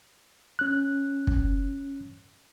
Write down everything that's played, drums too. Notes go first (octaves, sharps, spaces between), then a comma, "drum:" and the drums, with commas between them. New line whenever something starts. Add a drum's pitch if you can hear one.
C#4 F#6
drum: kick